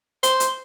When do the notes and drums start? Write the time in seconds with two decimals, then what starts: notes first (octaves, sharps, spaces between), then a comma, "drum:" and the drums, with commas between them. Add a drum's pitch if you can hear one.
0.23 C5, drum: hi-hat
0.40 drum: hi-hat